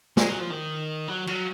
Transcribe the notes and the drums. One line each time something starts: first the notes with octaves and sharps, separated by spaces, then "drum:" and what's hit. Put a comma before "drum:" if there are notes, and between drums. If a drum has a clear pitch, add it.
G#3, drum: snare
F#3
F3
D#3
F#3
F#3, drum: cymbal